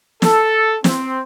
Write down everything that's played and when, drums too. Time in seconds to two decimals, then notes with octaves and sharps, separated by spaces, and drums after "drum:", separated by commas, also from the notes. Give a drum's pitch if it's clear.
0.22 A4, drum: snare
0.84 C4, drum: snare